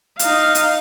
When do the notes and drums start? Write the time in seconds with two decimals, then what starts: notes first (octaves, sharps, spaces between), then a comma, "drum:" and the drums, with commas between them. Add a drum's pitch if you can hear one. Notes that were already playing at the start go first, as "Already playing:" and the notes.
0.19 D#4 F5, drum: hi-hat
0.55 drum: hi-hat